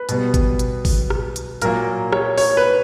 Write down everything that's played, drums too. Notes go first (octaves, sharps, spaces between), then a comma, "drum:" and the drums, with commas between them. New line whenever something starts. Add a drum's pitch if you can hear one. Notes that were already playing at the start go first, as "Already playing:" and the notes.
Already playing: B4
B2 G3 B3, drum: hi-hat
drum: kick, hi-hat
drum: hi-hat
drum: kick, open hi-hat
drum: rim click
drum: hi-hat
A#2 F#3 A#3 A#4, drum: hi-hat
C#5, drum: rim click
C#5, drum: open hi-hat
B4